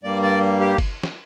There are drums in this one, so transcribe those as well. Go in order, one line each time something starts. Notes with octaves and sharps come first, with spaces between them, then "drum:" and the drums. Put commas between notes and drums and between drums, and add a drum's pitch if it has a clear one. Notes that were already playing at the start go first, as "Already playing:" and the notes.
G2 G3 A#3 D5
D5
G4
drum: kick F#1, cymbal
drum: snare